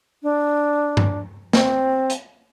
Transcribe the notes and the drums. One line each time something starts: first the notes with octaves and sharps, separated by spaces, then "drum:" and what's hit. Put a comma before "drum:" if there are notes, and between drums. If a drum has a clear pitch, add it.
D4
drum: tom G2
C4, drum: snare
drum: hi-hat